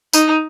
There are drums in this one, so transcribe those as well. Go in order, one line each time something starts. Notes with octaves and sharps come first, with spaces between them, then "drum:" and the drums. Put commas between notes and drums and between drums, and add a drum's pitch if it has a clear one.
D#4, drum: tambourine